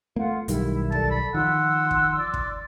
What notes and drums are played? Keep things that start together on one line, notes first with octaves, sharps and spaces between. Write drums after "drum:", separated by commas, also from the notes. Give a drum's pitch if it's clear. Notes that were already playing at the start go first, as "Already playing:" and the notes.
A3 A#3 F4 F#5
B1 D#3 G3 E4, drum: hi-hat
A4 D5 A5, drum: kick
B5
D#3 F3 F#5 C6 E6
drum: kick
D5
drum: kick